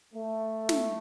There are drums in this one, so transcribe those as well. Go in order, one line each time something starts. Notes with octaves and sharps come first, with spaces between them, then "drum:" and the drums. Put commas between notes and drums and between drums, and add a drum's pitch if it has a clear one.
A3
drum: snare